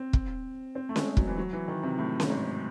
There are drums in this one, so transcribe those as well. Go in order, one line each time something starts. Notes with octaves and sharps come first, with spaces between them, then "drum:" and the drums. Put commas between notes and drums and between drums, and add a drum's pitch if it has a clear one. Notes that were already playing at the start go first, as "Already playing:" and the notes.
Already playing: C4
drum: kick
C4
A3
G#3, drum: snare C#4
F#3, drum: kick
E3
F#3
E3
D#3
C3
A2
drum: snare C#4
G#2